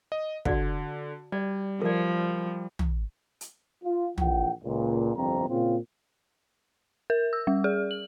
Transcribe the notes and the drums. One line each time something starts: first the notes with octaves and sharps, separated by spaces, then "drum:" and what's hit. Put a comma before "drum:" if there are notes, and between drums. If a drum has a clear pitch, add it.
D#5
D3 F#4 D5 F#5, drum: kick
G3 D5
F3 A#4 D5
drum: tom
drum: hi-hat
F4
A#1 E3 F4 F#5 G5, drum: tom
C#2 A#2
G1 C2 F2 C4 A#5
A#2 C#3 C4 F4
A#4
E6
G3
G#4
F#7